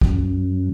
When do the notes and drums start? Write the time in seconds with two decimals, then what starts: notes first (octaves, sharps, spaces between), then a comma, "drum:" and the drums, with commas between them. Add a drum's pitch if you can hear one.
0.01 F#2, drum: kick